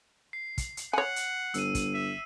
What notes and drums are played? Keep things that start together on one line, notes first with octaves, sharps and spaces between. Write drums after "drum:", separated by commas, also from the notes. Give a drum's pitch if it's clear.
C7
drum: kick, hi-hat
drum: hi-hat
C#5 F#5 G#5
drum: hi-hat
G1 E6 D#7, drum: hi-hat
drum: kick, hi-hat
E5